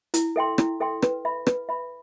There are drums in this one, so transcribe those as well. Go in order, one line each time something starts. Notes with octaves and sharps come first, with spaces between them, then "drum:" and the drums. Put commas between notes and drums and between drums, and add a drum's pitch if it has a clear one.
E4, drum: hi-hat
A4 E5 G5 C6
E4, drum: rim click
A4 E5 G5 C6
B4, drum: rim click
E5 B5
B4, drum: rim click
E5 B5